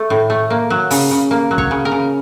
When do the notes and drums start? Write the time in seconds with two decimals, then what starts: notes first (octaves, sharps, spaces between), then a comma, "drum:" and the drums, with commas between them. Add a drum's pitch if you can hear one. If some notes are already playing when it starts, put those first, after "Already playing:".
Already playing: A3
0.10 A2
0.30 A3
0.50 A#3
0.70 F#3
0.91 C#3, drum: open hi-hat
1.11 C#3
1.31 A#3
1.51 F#3
1.58 C#5, drum: kick
1.71 C#3
1.85 A#4
1.92 C#3